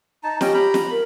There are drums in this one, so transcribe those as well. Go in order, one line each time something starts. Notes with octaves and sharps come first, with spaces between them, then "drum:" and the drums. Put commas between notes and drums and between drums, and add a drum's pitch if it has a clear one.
D#4 A5 A#5
C#4 G4 D#5 G5, drum: snare
A#5 B5
drum: snare
A#4